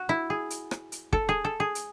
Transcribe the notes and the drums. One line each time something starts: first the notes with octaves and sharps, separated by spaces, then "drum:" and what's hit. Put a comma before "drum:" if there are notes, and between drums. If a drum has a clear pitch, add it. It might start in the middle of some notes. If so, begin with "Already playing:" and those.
Already playing: F#4
E4
G#4
drum: hi-hat
drum: rim click
drum: hi-hat
A4, drum: kick
G#4
A4
G#4
drum: hi-hat